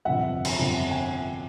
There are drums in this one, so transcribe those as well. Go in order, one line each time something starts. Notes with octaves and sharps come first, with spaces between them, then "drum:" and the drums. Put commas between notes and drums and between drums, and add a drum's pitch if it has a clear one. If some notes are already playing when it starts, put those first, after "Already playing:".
G1 F2 C3 F3 E5 F#5
drum: cymbal
G1 F2 C3 F3
G#5